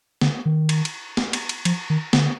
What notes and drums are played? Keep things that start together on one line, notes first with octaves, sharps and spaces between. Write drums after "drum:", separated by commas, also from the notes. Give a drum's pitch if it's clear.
D3, drum: snare
D#3
drum: cymbal
drum: cymbal
drum: snare
drum: cymbal
drum: cymbal
F3, drum: cymbal
D#3
D3, drum: snare